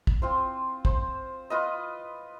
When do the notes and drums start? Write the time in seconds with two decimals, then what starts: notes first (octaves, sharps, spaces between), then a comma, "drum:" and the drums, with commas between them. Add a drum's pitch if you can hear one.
0.07 drum: kick
0.22 C4 F4 C5
0.85 C5, drum: kick
1.50 F4 B4 D#5